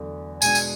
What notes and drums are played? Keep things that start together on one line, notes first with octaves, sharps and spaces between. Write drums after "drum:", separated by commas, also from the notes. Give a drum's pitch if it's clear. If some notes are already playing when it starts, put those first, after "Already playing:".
Already playing: E2 D3 F#3 A3 D4
B2 G#3 D4 G#5, drum: tambourine
drum: tambourine